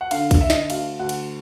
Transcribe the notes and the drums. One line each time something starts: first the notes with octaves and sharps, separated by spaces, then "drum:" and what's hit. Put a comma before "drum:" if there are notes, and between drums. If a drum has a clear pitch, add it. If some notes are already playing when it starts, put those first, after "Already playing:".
F#5
D3 F5, drum: cymbal
drum: kick, cymbal
D3 E5
D#5, drum: snare
E5
D2 F5, drum: cymbal
D2 F#5
drum: cymbal